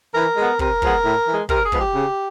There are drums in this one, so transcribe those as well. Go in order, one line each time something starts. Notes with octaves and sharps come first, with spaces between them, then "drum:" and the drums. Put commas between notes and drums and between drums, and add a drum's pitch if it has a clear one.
E3 A#4
G#3 B3
C3 A#4, drum: kick
F3 G#3 B3, drum: kick
A2
E3 G#3
C3 A#4, drum: kick
G#4
F3 G#3 B3, drum: kick
G4
C#3